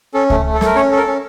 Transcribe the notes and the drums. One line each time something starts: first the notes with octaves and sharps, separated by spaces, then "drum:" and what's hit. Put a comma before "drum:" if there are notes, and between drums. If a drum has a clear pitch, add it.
C#4 A4
A3, drum: kick C#2
A3
A4
A3 A#4, drum: snare
C#4 C#5
A4
A#4
C#4